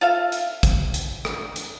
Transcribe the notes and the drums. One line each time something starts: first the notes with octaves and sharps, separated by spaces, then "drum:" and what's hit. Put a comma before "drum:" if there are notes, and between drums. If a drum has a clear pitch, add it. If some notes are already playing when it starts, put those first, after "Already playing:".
F4 A4 E5 F5
drum: hi-hat
drum: kick, hi-hat
drum: hi-hat
drum: rim click
drum: hi-hat